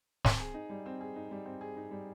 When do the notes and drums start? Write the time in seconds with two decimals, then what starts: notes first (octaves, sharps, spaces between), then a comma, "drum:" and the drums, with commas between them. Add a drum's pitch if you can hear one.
0.25 C4, drum: snare
0.40 G#4
0.54 D#4
0.70 G3
0.86 C4
1.01 G#4
1.16 D#4
1.31 G3
1.46 C4
1.61 G#4
1.77 D#4
1.91 G3